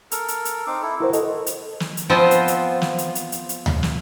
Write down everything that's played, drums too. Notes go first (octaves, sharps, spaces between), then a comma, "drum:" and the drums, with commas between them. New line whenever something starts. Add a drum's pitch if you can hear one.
A4 A#4, drum: hi-hat
drum: hi-hat
drum: hi-hat
C4 D#4 D6
E4 A4
E4 F#4 A#4 C5
A4 D#5, drum: hi-hat
drum: hi-hat
drum: snare
drum: hi-hat
F3 B3 C4 C5 D#5
drum: hi-hat
drum: hi-hat
drum: snare
drum: hi-hat
drum: hi-hat
drum: hi-hat
drum: hi-hat
drum: tom D2
drum: snare